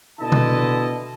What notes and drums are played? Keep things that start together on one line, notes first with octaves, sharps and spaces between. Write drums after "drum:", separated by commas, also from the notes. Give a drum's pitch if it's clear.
B2 D3 E4 D#5 A5
drum: tom B2